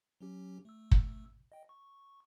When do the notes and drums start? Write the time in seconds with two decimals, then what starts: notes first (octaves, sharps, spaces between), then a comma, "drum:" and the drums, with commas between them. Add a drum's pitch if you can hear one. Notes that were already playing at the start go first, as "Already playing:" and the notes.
0.21 F#3 C#4 G4
0.65 A3 E6
0.91 drum: kick
1.52 D#5 G5
1.69 C#6